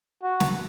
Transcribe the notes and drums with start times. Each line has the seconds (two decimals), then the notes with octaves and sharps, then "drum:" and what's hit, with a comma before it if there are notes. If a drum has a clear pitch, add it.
0.23 F#4
0.40 drum: snare